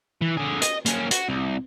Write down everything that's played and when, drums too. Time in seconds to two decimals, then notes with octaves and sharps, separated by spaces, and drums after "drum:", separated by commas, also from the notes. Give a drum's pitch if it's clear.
0.22 E3
0.37 D3 G#4
0.62 D#5, drum: hi-hat
0.86 A#3 C#4, drum: hi-hat
1.11 F#4, drum: hi-hat
1.29 C2